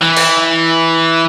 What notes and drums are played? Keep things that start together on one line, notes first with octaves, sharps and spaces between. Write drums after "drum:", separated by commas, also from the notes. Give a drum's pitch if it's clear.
E3
drum: cymbal